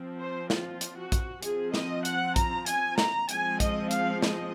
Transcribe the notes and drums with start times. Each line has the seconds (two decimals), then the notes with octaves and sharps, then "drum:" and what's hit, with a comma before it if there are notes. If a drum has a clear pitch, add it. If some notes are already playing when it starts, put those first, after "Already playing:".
Already playing: F3 C4
0.19 C5
0.50 F4, drum: snare
0.81 drum: hi-hat
0.97 F#4
1.12 drum: kick A#1, hi-hat
1.43 F3 C4 G#4, drum: hi-hat
1.74 D#5, drum: snare
2.05 F#5, drum: hi-hat
2.36 A#5, drum: kick A#1, hi-hat
2.66 G#5, drum: hi-hat
2.98 A#5, drum: snare
3.29 F3 G#3 C4 G#5, drum: hi-hat
3.60 D#5, drum: kick A#1, hi-hat
3.91 F5, drum: hi-hat
4.22 D#5, drum: snare